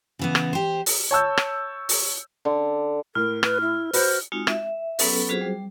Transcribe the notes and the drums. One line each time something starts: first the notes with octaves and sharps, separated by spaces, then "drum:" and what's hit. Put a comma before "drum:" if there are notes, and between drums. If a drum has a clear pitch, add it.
C#3 E3 B3
drum: rim click
G4 C5
drum: open hi-hat
C#5 A5 E6 G6
drum: rim click
drum: open hi-hat
D3
A2 A#4 F6
B4, drum: rim click
E4
F#4 B4 C5, drum: open hi-hat
G#3 C4 D#4 F4 F#4
E5, drum: rim click
F#3 B3 C#4 A4 B4, drum: open hi-hat
F#3 C4 F4 F#4 G#4 C5
G3